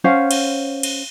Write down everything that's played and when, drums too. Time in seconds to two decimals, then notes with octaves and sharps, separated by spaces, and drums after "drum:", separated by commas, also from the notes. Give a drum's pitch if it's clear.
0.04 C#4 C5 F5 F#5
0.31 drum: cymbal
0.83 drum: cymbal